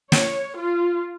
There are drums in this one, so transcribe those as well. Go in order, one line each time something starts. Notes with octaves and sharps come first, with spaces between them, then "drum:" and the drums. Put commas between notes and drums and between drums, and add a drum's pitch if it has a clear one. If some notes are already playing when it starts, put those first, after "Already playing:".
C#5, drum: snare
F4